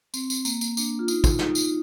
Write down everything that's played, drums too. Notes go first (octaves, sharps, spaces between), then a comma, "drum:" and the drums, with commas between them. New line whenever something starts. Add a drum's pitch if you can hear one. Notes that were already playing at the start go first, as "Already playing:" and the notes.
C4, drum: tambourine
drum: tambourine
A#3, drum: tambourine
drum: tambourine
D4, drum: tambourine
F4
D#4, drum: tambourine
drum: kick, tambourine
D#4, drum: snare
drum: tambourine